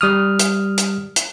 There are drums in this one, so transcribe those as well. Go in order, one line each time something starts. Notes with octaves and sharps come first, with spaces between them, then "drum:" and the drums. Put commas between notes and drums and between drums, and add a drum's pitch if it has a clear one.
G3 D#6 F6
drum: hi-hat
drum: hi-hat
drum: hi-hat